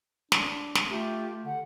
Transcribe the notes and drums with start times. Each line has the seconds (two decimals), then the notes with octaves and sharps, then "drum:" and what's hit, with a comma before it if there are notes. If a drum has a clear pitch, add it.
0.32 D4, drum: snare
0.75 drum: snare
0.89 A3 F4 G4
1.45 D3 F#5